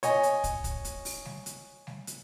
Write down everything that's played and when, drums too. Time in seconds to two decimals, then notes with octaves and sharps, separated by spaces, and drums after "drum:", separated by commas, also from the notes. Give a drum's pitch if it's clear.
0.03 C#5 D#5 G#5, drum: hi-hat
0.23 drum: hi-hat
0.44 drum: kick, hi-hat
0.64 drum: kick, hi-hat
0.85 drum: hi-hat
1.05 drum: open hi-hat
1.25 drum: snare G3
1.46 drum: hi-hat
1.87 drum: snare G3
2.07 drum: hi-hat